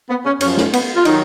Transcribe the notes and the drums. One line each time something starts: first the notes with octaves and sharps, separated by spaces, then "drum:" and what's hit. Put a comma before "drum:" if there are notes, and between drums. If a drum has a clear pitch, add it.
B3
C#4
F#2 F3 C#4, drum: cymbal
C#4, drum: snare
B3, drum: cymbal
F4
D#3 F#3 D#4, drum: cymbal